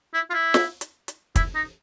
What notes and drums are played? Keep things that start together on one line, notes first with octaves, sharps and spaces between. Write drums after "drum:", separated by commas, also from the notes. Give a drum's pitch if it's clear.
E4
F4
E4
drum: snare
drum: hi-hat
drum: hi-hat
E4, drum: kick, hi-hat
D#4